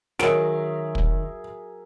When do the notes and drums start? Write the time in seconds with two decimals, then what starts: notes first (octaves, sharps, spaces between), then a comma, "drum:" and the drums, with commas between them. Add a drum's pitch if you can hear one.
0.19 D#3 F#3 G#4 A#4 E5 D7, drum: snare
0.95 drum: kick